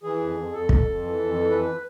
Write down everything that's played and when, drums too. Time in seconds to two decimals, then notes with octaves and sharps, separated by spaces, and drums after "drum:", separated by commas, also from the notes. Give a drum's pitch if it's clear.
0.03 E3 G#4
0.20 F2
0.35 F2
0.52 F2 A4
0.69 F2, drum: kick
0.84 F2
1.02 E3
1.18 F2
1.35 E3
1.50 F2 B4